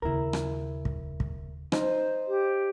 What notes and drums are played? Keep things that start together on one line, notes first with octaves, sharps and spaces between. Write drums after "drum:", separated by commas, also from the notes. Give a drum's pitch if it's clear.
D#2 C#3 E4 A#4
drum: rim click
drum: kick
drum: kick
D#4 C5, drum: rim click
G4